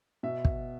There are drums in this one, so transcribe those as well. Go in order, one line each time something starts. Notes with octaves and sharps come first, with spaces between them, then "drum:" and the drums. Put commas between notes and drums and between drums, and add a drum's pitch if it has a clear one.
B2 E5
drum: kick